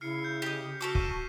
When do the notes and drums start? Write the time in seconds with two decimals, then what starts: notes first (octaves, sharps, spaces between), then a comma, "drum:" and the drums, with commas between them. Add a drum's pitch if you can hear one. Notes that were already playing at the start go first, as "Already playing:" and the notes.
0.01 C#3 E4 F6 C7 C#7
0.24 G6
0.42 G4 D#5
0.81 C#4 F#4 A4 D6
0.95 C#6 B6 D#7, drum: kick